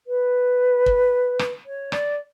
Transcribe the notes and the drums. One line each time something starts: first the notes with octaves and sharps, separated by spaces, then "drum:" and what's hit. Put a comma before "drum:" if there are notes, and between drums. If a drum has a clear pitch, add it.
B4
drum: kick
drum: rim click
C#5
D5, drum: rim click